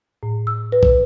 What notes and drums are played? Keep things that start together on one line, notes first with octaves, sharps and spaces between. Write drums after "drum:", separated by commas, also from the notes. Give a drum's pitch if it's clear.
A2
E6
B4
drum: kick